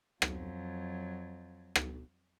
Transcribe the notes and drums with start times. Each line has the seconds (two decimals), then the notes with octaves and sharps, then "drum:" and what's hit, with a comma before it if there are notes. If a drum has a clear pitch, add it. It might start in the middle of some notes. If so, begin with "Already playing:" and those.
0.22 F2 F#3, drum: rim click
1.75 drum: rim click